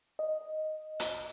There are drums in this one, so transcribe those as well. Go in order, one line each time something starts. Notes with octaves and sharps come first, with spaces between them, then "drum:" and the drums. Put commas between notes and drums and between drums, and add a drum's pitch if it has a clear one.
D#5
drum: hi-hat